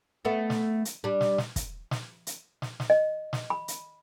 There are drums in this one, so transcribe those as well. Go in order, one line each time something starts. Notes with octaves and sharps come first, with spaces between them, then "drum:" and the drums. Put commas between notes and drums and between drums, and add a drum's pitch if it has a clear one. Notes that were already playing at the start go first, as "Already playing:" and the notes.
A3 B3 A4
drum: snare
drum: hi-hat
G3 D4
drum: snare
drum: snare
drum: kick, hi-hat
drum: snare
drum: hi-hat
drum: snare
drum: snare
D#5
drum: snare
B5
drum: hi-hat